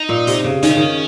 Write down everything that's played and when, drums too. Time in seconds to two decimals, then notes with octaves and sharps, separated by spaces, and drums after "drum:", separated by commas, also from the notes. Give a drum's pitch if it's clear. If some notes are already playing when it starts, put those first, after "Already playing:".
Already playing: D#4
0.09 A#2
0.27 C3, drum: hi-hat
0.44 C#3, drum: tom F#2
0.63 D#3 C#4, drum: hi-hat
0.70 C#3
0.77 D#3